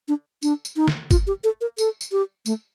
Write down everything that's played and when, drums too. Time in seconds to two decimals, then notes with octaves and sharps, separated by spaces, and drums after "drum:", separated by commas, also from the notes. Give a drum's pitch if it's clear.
0.08 D4
0.43 D4, drum: tambourine
0.65 drum: tambourine
0.76 D#4
0.88 drum: snare
1.11 F4, drum: kick G1, tambourine
1.27 G4
1.44 A4
1.61 A#4
1.78 A4, drum: tambourine
2.01 drum: tambourine
2.12 G4
2.46 A3, drum: tambourine